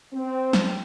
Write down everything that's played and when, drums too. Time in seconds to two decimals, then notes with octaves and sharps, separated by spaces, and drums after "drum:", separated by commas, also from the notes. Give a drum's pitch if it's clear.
0.13 C4
0.53 drum: snare